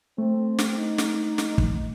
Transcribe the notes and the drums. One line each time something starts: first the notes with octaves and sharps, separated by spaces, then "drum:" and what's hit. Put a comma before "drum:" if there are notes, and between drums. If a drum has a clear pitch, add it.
A3 C4
drum: snare
D#4
drum: snare
drum: snare
drum: kick